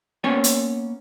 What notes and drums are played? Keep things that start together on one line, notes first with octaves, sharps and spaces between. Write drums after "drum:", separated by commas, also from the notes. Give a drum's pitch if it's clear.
A#3 B3 C#4 C#5 G5 G#5
drum: hi-hat